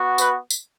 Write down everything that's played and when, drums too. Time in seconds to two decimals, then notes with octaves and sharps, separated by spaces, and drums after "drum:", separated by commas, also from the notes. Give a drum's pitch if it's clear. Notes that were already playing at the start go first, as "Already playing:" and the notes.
Already playing: B3 F#4
0.18 B4, drum: tambourine
0.51 drum: tambourine